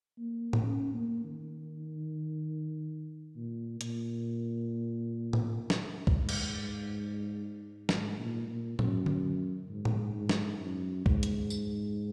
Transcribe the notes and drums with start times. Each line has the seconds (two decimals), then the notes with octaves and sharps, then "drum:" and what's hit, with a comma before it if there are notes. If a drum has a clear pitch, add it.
0.18 A#3
0.53 drum: tom A2
0.64 C#4
0.94 A#3
1.25 D#3
3.36 A#2
3.81 A#2, drum: hi-hat
5.33 drum: tom A2
5.70 drum: snare
6.07 G#2, drum: kick
6.29 drum: cymbal
7.89 G#2, drum: snare
8.19 A#2
8.48 A#2
8.79 F#2, drum: tom A2
9.06 drum: tom D3
9.69 G#2
9.85 drum: tom A2
10.15 G#2
10.29 drum: snare
10.61 F#2
11.06 G#2, drum: kick
11.23 drum: hi-hat
11.50 drum: tambourine